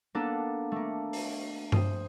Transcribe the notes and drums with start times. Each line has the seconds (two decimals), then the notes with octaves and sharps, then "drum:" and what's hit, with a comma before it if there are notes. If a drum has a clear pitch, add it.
0.15 A#3 B3 D4 A4
0.72 A3 A#3
1.13 drum: open hi-hat
1.72 C5 D#6, drum: tom G2